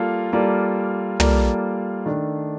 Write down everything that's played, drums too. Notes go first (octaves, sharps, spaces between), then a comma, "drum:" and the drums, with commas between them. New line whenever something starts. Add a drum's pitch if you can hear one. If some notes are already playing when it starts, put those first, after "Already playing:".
Already playing: G3 A#3 F4 A4 D5
G3 A#3 F4 A4 D5
G3 A#3 F4 A4 D5, drum: tom
D#3 A3 D4 A4